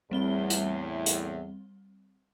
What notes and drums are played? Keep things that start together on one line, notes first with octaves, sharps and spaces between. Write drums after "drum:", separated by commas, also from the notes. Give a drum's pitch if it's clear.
E2 A2 G3 C4 G7
drum: hi-hat
drum: hi-hat